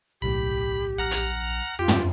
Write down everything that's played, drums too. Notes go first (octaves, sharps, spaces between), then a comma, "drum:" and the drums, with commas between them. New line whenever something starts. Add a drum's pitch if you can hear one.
D1 B1 A2 G4 B5
A#1 F#5 A#5 F6
drum: hi-hat
F2 F4 G4
drum: tom